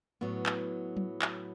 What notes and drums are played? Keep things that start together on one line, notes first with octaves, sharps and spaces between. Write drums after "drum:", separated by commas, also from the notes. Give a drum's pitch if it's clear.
A2 F#3 B3
drum: clap
drum: tom F#3
drum: clap